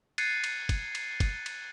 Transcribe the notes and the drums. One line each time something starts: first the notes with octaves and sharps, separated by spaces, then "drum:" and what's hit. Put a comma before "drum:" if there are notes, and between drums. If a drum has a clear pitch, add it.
F#6 G#6 A6 C7 C#7 D#7, drum: cymbal
drum: cymbal
drum: kick, cymbal
drum: cymbal
drum: kick, cymbal
drum: cymbal